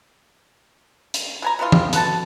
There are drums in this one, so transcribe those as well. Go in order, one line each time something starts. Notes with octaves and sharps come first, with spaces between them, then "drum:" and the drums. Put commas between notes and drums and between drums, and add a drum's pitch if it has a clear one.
drum: hi-hat
B2 G#5 A#5
B2 D#3 E3 F4
drum: tom E3
B2 F#4 A4 A5, drum: hi-hat